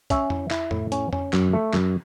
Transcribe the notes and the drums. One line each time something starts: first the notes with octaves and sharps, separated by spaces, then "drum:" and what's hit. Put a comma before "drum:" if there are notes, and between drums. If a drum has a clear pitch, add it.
C#4 E5, drum: kick, hi-hat
E4, drum: tom F2
E4, drum: clap
A2, drum: tom F2
C#4, drum: hi-hat
C#4, drum: tom F2
F#2, drum: clap
A3
F#2, drum: clap